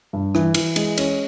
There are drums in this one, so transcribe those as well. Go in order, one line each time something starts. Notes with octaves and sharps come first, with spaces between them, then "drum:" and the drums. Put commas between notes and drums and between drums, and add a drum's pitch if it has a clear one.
G2
E3, drum: rim click
E3, drum: cymbal
G#3, drum: cymbal
C#4, drum: cymbal